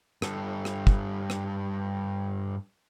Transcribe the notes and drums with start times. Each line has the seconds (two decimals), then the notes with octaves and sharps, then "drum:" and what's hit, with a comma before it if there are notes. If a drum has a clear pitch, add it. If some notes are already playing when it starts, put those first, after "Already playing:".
0.22 G2 A4, drum: rim click
0.65 drum: rim click
0.87 drum: kick
1.30 drum: rim click